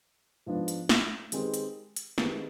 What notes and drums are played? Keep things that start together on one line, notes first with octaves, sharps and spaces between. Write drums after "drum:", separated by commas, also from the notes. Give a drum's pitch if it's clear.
G#2 F3 B3 D4
drum: hi-hat
drum: snare
D#3 G#3 C4 G4 B4, drum: hi-hat
drum: hi-hat
drum: hi-hat
D#3 G#3 C4 G4 B4, drum: snare